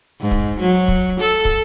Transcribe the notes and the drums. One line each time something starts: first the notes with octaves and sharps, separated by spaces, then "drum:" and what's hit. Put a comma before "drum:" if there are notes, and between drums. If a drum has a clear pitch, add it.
G#2
drum: kick
F#3
drum: kick
A4
drum: kick